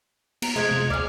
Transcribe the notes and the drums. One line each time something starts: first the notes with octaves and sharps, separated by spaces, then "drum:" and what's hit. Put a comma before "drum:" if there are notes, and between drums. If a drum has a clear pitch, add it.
B3 A#5, drum: cymbal
F2 G#3 A3 G#6
C3
D2 G#4 D5 F6